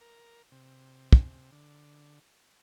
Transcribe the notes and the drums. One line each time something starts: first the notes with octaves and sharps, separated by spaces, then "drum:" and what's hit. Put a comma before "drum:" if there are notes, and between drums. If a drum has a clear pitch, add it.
A#4
C3
drum: kick
D3